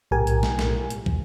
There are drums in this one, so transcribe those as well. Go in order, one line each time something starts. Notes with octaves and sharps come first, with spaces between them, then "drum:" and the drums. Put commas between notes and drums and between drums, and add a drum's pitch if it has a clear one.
B1 A2 G4 A#4 G#5
drum: hi-hat
drum: snare
drum: snare
drum: hi-hat
drum: kick